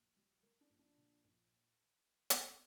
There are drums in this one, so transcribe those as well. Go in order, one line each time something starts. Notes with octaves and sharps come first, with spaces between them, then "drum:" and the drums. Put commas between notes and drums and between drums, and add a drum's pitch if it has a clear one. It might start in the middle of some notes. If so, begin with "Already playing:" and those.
Already playing: A#1
G3
G3 A#4
D4
A#1
D4
A#2
A#1
drum: hi-hat